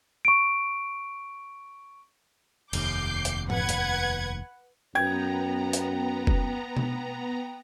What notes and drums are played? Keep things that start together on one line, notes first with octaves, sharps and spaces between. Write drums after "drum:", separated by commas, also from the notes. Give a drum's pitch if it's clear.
C#6 D7
F1 D#2 D6 G6 C7, drum: cymbal
drum: hi-hat
B4 F#5 G#6, drum: tom G#2
drum: hi-hat
F#2 B3 G5 A#5 G#6
drum: hi-hat
drum: kick F1
drum: tom B2